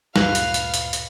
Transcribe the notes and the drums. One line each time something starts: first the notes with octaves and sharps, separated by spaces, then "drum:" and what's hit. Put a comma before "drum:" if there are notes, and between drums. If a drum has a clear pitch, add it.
D2 G2 A#2 B4 F5 F6, drum: snare
drum: hi-hat
drum: hi-hat
drum: hi-hat
drum: hi-hat